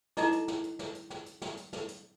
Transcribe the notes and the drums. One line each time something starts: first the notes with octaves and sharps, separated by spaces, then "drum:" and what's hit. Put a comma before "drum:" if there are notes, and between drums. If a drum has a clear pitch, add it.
D#4 E4 A4 D#5 A#5 D6, drum: snare
drum: hi-hat
drum: snare
drum: hi-hat
drum: snare
drum: hi-hat
drum: snare
drum: hi-hat
drum: snare
drum: hi-hat
drum: snare
drum: hi-hat